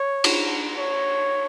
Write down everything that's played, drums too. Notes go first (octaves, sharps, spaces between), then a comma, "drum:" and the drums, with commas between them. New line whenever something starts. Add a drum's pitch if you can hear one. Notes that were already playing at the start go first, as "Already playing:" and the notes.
Already playing: C#5
drum: cymbal
C#5